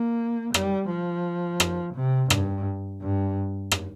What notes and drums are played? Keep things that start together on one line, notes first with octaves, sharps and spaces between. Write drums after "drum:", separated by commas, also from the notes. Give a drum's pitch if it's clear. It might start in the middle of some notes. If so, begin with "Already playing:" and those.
Already playing: A#3
G3, drum: rim click
F3
drum: rim click
C3
G2, drum: rim click
G2
drum: rim click